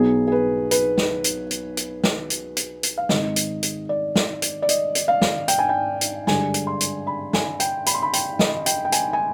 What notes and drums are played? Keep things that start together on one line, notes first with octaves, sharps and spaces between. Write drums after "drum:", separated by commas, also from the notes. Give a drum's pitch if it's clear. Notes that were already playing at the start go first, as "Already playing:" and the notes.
Already playing: B1 B2 B3 D#4 G#4
G#4
B4
B4, drum: hi-hat
drum: snare
drum: hi-hat
drum: hi-hat
drum: hi-hat
drum: snare
drum: hi-hat
drum: hi-hat
drum: hi-hat
F5
G#2 D#3 G#3 C4 D#4 D#5, drum: snare
drum: hi-hat
drum: hi-hat
D5
drum: snare
drum: hi-hat
D5
D#5, drum: hi-hat
drum: hi-hat
F5
drum: snare
G5, drum: hi-hat
G#5
G5
drum: hi-hat
G2 D3 G#3 D4 G#5, drum: snare
drum: hi-hat
C6
drum: hi-hat
B5
G#5, drum: snare
G5, drum: hi-hat
B5, drum: hi-hat
C6
B5
G5, drum: hi-hat
D#5, drum: snare
G5, drum: hi-hat
G5
G#5, drum: hi-hat
G#5